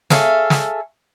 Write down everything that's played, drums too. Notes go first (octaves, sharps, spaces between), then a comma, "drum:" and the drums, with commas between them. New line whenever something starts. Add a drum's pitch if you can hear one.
G#4 A4 C#5 E5 F5, drum: snare
drum: snare